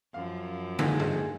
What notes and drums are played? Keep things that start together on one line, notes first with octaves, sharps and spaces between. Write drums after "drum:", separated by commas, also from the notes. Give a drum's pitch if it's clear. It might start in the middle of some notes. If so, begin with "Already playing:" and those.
F#2 F3 F5
C#2 D3 D#3 G#3, drum: tom
drum: tom